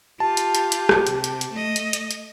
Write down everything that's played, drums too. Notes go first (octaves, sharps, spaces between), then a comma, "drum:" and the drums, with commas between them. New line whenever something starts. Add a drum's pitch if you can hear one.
F4 G4 A5
drum: hi-hat
drum: hi-hat
drum: hi-hat
drum: rim click
C3, drum: hi-hat
drum: hi-hat
drum: hi-hat
A3 D#5
drum: hi-hat
drum: hi-hat
drum: hi-hat